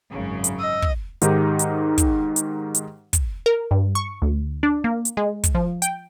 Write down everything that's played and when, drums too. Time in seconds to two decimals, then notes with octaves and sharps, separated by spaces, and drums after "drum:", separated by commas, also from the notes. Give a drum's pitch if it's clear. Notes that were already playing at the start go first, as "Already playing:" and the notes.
0.11 G#1 F#2 C#3
0.44 drum: hi-hat
0.59 D#5 E6
0.82 drum: kick
1.22 G#2 D#3 D#4 G4, drum: hi-hat
1.59 drum: hi-hat
1.98 drum: kick, hi-hat
2.36 drum: hi-hat
2.74 drum: hi-hat
3.13 drum: kick, hi-hat
3.46 A#4
3.71 G2
3.95 C#6
4.22 D2
4.63 D4
4.84 A#3
5.05 drum: hi-hat
5.17 G#3
5.44 drum: kick, hi-hat
5.55 F3
5.82 G5, drum: hi-hat